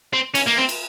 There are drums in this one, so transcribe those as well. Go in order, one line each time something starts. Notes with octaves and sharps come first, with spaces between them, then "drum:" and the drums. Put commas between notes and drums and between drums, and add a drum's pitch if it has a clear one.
C4
C#4, drum: cymbal
A#3
C4
drum: cymbal